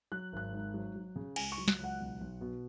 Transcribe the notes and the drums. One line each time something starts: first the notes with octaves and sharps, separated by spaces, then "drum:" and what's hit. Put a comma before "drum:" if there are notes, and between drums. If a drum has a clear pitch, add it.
F#3 F#6
G#1 F#6
G#2
F#3
F#3
C#3
C#2 G#5, drum: cymbal
C#6
F#3
F#6, drum: snare
C#2
F#5
B1
B1
B2